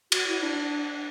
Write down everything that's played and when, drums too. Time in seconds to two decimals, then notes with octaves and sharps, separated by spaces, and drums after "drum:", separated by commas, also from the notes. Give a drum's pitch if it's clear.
0.12 F#4, drum: cymbal
0.28 E4
0.42 D4